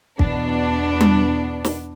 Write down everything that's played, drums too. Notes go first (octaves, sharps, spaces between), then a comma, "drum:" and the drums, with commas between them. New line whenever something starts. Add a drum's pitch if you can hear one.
E2 B2 B3 D4, drum: kick
drum: tom G3
drum: snare